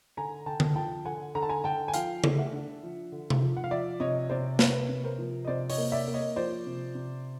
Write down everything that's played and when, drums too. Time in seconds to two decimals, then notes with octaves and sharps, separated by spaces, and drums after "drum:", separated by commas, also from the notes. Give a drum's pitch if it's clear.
0.17 D3 G#5 A#5
0.46 D3 G5 A5
0.60 drum: tom D3
0.76 F3 G5 A5
1.05 D3 F#5 G#5
1.35 D3 A#5
1.43 A5
1.49 G#5 A#5
1.64 D3 G5 A5
1.88 G#5
1.94 F3 F5 G5, drum: hi-hat
2.24 A3, drum: tom C#3
2.38 E5 F#5
2.53 D4
2.83 F3
3.12 D3
3.30 drum: tom C3
3.41 F3
3.56 F#5
3.64 F5
3.71 F3 D5 E5
4.00 C3 C#5 D#5
4.29 C3 C5 D5
4.59 A#3 B4 C#5, drum: snare
4.89 C3
5.04 A#4 C5
5.19 F3
5.45 D#5
5.47 C3 C5 D5
5.70 C#5 D#5, drum: open hi-hat
5.78 A#3
5.92 D5 E5
6.08 A#3
6.14 C#5 D#5
6.36 F3 C5 D5
6.67 C3
6.95 C3